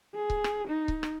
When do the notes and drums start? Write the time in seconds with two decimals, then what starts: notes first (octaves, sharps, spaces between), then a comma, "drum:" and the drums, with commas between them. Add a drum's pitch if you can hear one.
0.15 G#4
0.30 drum: kick C#1
0.44 drum: rim click
0.68 D#4
0.88 drum: kick C#1
1.03 drum: rim click